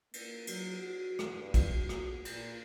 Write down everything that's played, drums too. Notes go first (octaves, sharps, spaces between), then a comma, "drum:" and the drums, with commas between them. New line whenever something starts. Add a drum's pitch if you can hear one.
A#3, drum: cymbal
F#3, drum: cymbal
F#4
drum: rim click
G2
drum: kick, cymbal
F#4
drum: rim click
A#2, drum: cymbal